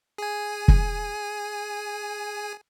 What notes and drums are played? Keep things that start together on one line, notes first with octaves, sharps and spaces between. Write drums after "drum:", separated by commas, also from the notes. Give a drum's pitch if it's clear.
G#4 G#5
drum: kick